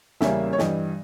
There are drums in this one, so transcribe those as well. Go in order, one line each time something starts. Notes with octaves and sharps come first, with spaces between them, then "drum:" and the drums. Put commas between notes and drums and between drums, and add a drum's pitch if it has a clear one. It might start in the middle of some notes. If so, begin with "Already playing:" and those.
E2 C#3 G3 A#3 C#4 E5, drum: snare
C#5
G2 E3 G3 D#5, drum: snare